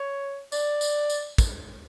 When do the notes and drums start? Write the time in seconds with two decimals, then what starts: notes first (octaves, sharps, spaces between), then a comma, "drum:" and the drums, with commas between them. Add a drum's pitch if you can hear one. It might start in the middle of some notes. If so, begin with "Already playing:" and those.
Already playing: C#5
0.52 D5, drum: tambourine
0.81 drum: tambourine
1.10 drum: tambourine
1.38 drum: kick, tambourine